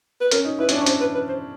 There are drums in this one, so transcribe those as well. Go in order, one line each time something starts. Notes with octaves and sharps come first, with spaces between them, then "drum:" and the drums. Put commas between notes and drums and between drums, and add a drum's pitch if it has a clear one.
B4
C#4 A#4, drum: hi-hat
D#4
E4 B4
C#4, drum: hi-hat
D4
C#5
C#4 C5, drum: hi-hat
B4
B4
C5